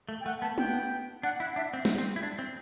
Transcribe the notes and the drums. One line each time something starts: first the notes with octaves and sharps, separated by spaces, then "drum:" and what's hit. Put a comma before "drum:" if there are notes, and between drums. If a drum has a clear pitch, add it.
A3
G5
A3 F#5
B3 A5
B3 G5, drum: tom
D4 F#5
E4 F#5
D4 E5
C4
C4, drum: snare
C4
E4
D4
C4